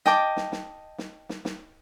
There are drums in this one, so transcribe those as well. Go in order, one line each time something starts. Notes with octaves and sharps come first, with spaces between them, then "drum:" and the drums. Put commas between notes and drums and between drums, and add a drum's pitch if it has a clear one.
D#5 G5 A5 D6, drum: snare
drum: snare
drum: snare
drum: snare
drum: snare
drum: snare